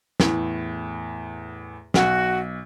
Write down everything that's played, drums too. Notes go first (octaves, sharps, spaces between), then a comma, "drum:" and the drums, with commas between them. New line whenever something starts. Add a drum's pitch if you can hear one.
E2 A2, drum: snare
B1 F#4, drum: snare